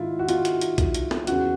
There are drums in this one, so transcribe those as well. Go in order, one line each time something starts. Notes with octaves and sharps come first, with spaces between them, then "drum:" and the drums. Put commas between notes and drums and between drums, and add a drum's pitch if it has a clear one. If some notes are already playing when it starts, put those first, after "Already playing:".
Already playing: G#2 D#3 E4 F4
F#4
F4, drum: hi-hat
drum: hi-hat
drum: hi-hat
drum: kick B1, hi-hat
drum: hi-hat
drum: snare
E2 C#3 E3 F#4, drum: hi-hat